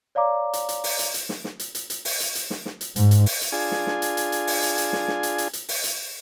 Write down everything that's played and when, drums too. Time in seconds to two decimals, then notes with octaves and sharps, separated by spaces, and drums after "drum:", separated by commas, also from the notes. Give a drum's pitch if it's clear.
0.15 C#5 D5 F5 A#5 D6
0.53 drum: hi-hat
0.69 drum: hi-hat
0.84 drum: open hi-hat
0.99 drum: hi-hat
1.14 drum: hi-hat
1.29 drum: snare
1.44 drum: snare
1.59 drum: hi-hat
1.75 drum: hi-hat
1.90 drum: hi-hat
2.05 drum: open hi-hat
2.20 drum: hi-hat
2.35 drum: hi-hat
2.50 drum: snare
2.66 drum: snare
2.81 drum: hi-hat
2.96 G#2, drum: hi-hat
3.11 drum: hi-hat
3.26 drum: open hi-hat
3.41 drum: hi-hat
3.52 D4 F4 G#4 G#5
3.72 drum: snare
3.87 drum: snare
4.02 drum: hi-hat
4.17 drum: hi-hat
4.32 drum: hi-hat
4.47 drum: open hi-hat
4.62 drum: hi-hat
4.78 drum: hi-hat
4.93 drum: snare
5.08 drum: snare
5.23 drum: hi-hat
5.38 drum: hi-hat
5.53 drum: hi-hat
5.69 drum: open hi-hat
5.84 drum: hi-hat